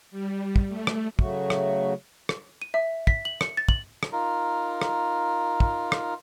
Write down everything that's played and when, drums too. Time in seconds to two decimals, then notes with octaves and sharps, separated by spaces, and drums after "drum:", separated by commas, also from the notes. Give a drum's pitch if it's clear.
0.11 G3
0.56 drum: kick
0.69 A3
0.87 drum: rim click
1.19 C#3 F#3 A3 F#4, drum: kick
1.50 drum: rim click
2.29 drum: rim click
2.62 D#7
2.74 E5
3.07 B6, drum: kick
3.25 F#7
3.41 C#7, drum: rim click
3.57 A6
3.69 F#7, drum: kick
4.03 drum: rim click
4.12 D#4 F4 A#4
4.82 drum: rim click
5.60 drum: kick
5.92 drum: rim click